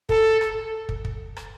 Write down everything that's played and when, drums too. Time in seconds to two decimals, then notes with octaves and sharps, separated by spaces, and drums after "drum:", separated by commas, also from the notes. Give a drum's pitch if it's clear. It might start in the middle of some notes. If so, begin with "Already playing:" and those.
0.09 A4, drum: kick
0.41 drum: rim click
0.89 drum: kick
1.05 drum: kick
1.36 drum: rim click